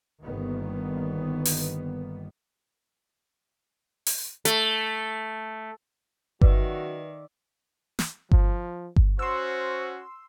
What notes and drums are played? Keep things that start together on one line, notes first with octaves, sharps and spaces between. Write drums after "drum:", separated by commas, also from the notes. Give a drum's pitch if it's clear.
G1 D#3 A#3 B3
drum: open hi-hat
drum: open hi-hat
A3, drum: hi-hat
D#3 F#3 C#4 F#4 B4 D5 E5, drum: kick G1
drum: snare
F3, drum: kick G1
drum: kick G1
C#4 F#4 C5 C6 E6